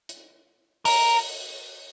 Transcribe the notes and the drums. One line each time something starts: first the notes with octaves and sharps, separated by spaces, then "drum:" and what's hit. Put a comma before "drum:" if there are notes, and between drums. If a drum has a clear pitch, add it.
drum: hi-hat
A#4, drum: open hi-hat